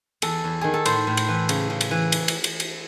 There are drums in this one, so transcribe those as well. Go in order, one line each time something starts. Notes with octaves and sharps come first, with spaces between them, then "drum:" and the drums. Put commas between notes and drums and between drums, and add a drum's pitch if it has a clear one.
E2 A4, drum: cymbal
E2
D#3 G#4
A4
A2 C5, drum: cymbal
A2
drum: cymbal
E3
C#3, drum: cymbal
C#3
drum: cymbal
E3
drum: cymbal
drum: cymbal
drum: cymbal
drum: cymbal